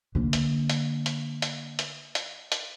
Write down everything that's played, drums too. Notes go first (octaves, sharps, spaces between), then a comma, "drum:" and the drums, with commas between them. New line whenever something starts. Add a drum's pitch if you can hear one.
D3 A#3
drum: hi-hat
drum: hi-hat
drum: hi-hat
drum: hi-hat
drum: hi-hat
drum: hi-hat
drum: hi-hat